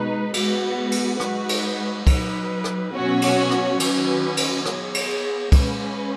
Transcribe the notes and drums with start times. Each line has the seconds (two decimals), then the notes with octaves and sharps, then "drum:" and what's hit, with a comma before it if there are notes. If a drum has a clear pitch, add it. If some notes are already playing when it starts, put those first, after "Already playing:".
Already playing: B2 G#3 D#4 B4
0.34 G#3 B3 F#4, drum: cymbal
0.91 drum: cymbal
1.20 G#3 D#4 F#4 B4, drum: rim click
1.49 drum: cymbal
2.07 F#3 D#4 B4, drum: kick, cymbal
2.64 drum: rim click
2.93 B2 F#3 C#4 F#4 C#5
3.22 drum: cymbal
3.51 drum: rim click
3.80 D#3 F#3 C#4 B4, drum: cymbal
4.37 drum: cymbal
4.65 B3 G#4 C#5, drum: rim click
4.94 drum: cymbal
5.52 G#3 C#4 B4, drum: kick, cymbal